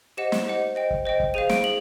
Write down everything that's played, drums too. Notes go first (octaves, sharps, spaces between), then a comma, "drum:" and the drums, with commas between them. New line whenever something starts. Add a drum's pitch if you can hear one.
G4 C5 D#5 F#5 E7
drum: snare
G4 C5 D#5 F#5
C5 D#5 G5
drum: kick
C5 D#5 G5
drum: kick
G#4 C5 F5 D#7
D7, drum: snare
G#4 F#7